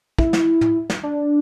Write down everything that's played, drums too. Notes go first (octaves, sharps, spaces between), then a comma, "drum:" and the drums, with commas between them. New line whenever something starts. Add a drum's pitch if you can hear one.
E4, drum: kick
drum: snare
drum: tom
drum: snare
D4